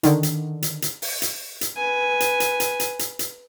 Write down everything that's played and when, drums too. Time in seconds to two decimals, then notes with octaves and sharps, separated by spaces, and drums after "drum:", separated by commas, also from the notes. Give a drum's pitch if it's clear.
0.03 D3 D#3, drum: hi-hat
0.23 drum: hi-hat
0.63 drum: hi-hat
0.82 drum: hi-hat
1.02 drum: open hi-hat
1.22 drum: hi-hat
1.61 drum: hi-hat
1.77 B4 G#5
2.20 drum: hi-hat
2.40 drum: hi-hat
2.60 drum: hi-hat
2.80 drum: hi-hat
2.99 drum: hi-hat
3.19 drum: hi-hat